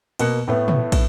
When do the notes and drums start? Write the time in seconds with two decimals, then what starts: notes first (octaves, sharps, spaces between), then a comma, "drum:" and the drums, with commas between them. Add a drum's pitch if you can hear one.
0.19 B2 A#3 F#6 C#7, drum: cymbal
0.48 A2 A3 B3
0.68 drum: tom
0.92 drum: kick, cymbal